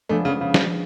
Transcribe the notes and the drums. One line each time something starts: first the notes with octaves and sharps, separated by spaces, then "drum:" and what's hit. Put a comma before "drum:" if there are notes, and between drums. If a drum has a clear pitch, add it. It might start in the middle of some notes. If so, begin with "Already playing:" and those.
F3 G#3 A3 B3 D4
C#3
C#3
drum: snare